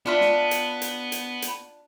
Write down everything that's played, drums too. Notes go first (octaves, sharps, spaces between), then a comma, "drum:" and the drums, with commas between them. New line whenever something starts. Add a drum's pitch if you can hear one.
B3 D4 F4 E5
drum: snare
drum: hi-hat
drum: hi-hat
drum: hi-hat
drum: hi-hat